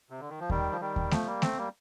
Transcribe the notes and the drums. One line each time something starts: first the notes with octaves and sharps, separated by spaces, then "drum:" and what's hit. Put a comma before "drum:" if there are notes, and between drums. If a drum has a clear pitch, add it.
C3
D3
D#3
F3
D#3 G3, drum: kick D#2
F3
D#3 G3
drum: kick D#2
F3 A3, drum: snare A3
G3 A#3
A3 C4, drum: snare A3
G3 A#3